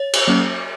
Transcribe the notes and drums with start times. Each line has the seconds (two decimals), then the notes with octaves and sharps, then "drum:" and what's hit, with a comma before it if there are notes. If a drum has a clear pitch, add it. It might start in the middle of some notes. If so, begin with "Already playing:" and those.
Already playing: C#5
0.13 drum: cymbal
0.28 F#3 A#3 C#4